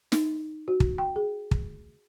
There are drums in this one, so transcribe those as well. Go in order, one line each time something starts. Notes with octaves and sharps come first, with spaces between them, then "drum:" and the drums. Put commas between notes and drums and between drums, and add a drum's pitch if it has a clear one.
D#4, drum: snare
F#4
drum: kick
G5
G#4
drum: kick